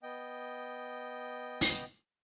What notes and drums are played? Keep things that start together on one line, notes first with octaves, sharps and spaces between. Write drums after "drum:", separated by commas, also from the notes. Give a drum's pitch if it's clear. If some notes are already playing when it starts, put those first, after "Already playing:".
B3 D#5 G5
drum: open hi-hat